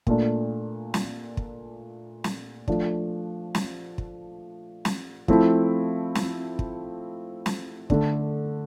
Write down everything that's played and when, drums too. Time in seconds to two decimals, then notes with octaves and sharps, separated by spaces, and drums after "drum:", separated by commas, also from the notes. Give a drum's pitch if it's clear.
0.07 A#2 A3 D4, drum: kick
0.94 drum: snare
1.37 drum: kick
2.24 drum: snare
2.68 F3 A3 D4, drum: kick
3.55 drum: snare
3.98 drum: kick
4.85 drum: snare
5.28 F3 A3 C4 E4, drum: kick
6.15 drum: snare
6.59 drum: kick
7.46 drum: snare
7.90 D3 A3 D4, drum: kick